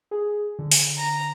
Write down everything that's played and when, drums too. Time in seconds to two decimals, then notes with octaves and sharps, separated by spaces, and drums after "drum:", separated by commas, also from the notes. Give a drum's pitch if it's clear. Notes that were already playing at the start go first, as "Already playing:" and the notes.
0.11 G#4
0.59 D3
0.72 drum: open hi-hat
0.97 A#5